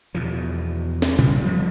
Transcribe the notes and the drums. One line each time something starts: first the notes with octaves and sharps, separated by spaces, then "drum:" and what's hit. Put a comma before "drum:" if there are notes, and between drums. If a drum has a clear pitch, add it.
E2 B2 F3
drum: snare
G2 C#3 G3, drum: tom B2
F3 G3 A3 B3